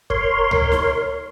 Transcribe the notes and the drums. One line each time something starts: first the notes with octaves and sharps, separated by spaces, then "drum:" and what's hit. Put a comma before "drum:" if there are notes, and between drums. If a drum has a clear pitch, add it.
A#4 C#5 C6, drum: kick
drum: tom C#2
drum: snare D#4